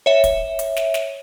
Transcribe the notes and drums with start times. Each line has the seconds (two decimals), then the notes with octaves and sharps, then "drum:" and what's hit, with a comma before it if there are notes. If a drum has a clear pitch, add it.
0.06 C#5 E5
0.24 drum: kick, hi-hat
0.59 drum: hi-hat
0.76 drum: snare
0.94 drum: snare